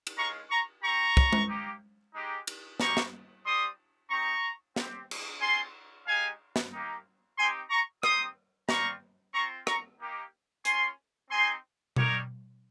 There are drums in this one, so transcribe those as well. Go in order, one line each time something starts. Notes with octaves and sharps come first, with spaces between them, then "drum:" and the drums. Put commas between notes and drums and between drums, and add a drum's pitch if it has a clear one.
drum: cymbal
G#3 C#4 F4 A#5 C#6
A#5 C#6
C4 G4 A#5 C#6
drum: kick
drum: tom G#3
A#3 D#4 G4
G#3 D#4 G4
drum: cymbal
G3 A#3 D#4 G4 A#5 C#6, drum: snare
drum: snare
G3 C4 G4 C6 D#6
C4 D#4 G4 A#5 C#6
C4 G4, drum: snare
drum: cymbal
C4 F4 G#5 C6
G#3 D#4 G4 F5 G#5
drum: snare
A#3 D#4 G4
C4 D#4 G4 G#5 C6
A#5 C#6
C4 D#4 G4 C6 D#6, drum: rim click
G3 C4 F4 A#5 C#6, drum: snare
C4 F4 A#5 C#6
A#5 C#6, drum: rim click
A#3 D#4 G4
A#3 C#4 F4 G#5 C6, drum: hi-hat
C4 D#4 G4 G#5 C6
G3 A#3 D#4 G4 A#4 C#5, drum: tom B2